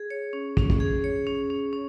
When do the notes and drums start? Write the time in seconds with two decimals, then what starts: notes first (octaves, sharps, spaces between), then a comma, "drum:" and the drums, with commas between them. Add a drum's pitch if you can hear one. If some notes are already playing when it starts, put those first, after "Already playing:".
Already playing: G#4
0.10 C#5
0.33 C#4
0.57 C#4, drum: kick
0.70 drum: kick
0.80 G#4
1.04 C#5
1.27 C#4
1.50 C#4
1.73 C#4